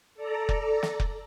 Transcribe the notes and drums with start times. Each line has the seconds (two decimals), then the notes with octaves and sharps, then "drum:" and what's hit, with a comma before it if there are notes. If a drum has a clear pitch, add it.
0.15 A4 D5 A#5
0.49 drum: kick F1
0.83 drum: snare
1.00 drum: kick F1